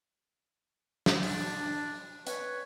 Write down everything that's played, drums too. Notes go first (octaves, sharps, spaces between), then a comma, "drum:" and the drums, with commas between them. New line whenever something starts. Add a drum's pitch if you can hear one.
drum: snare
D4, drum: open hi-hat
B4 C#5, drum: hi-hat